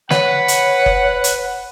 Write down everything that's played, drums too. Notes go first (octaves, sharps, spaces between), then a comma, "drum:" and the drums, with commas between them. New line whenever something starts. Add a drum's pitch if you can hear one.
B4 C#5 F#5, drum: snare
drum: hi-hat
drum: kick F#1
drum: hi-hat